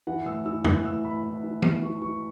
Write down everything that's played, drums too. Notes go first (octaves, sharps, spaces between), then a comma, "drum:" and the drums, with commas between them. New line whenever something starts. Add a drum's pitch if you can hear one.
E3 F#5
A2 E6
E3 E6
E3 F#6, drum: tom
A2 E6
A2 B5
A2
E3
A2, drum: tom
E3 C#6
E3 C#6